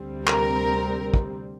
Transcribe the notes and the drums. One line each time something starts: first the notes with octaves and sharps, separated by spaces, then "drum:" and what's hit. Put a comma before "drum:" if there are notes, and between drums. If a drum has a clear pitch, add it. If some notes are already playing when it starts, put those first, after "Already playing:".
Already playing: D2 C3 G3 C4
A#4, drum: clap
drum: kick